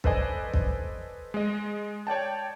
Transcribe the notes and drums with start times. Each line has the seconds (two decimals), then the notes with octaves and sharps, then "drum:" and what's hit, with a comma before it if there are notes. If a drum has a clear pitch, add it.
0.04 A4 B4 C5 D5 D#5 G#5, drum: kick
0.54 drum: kick
1.34 G#3 D#5
2.07 C#5 D5 G5 A5